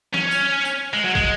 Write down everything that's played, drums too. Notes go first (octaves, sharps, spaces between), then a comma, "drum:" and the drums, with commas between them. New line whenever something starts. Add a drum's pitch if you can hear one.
C#4, drum: snare
drum: tambourine
drum: tambourine
G#3
F#3
G#3, drum: kick